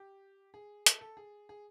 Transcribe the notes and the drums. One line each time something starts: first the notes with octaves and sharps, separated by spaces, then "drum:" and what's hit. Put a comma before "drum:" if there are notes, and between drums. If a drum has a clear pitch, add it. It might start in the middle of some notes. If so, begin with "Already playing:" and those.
Already playing: G4
G#4
A4, drum: hi-hat
A4
G#4
G#4